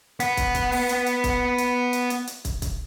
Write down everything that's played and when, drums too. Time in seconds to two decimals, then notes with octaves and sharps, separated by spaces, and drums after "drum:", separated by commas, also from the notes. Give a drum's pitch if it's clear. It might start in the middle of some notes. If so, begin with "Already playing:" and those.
0.20 B3 F#5, drum: hi-hat
0.37 drum: kick, hi-hat
0.55 drum: kick, hi-hat
0.72 drum: open hi-hat
0.89 drum: hi-hat
1.06 drum: hi-hat
1.24 drum: kick, hi-hat
1.58 drum: hi-hat
1.93 drum: hi-hat
2.10 drum: hi-hat
2.27 drum: hi-hat
2.45 drum: kick, hi-hat
2.62 drum: kick, hi-hat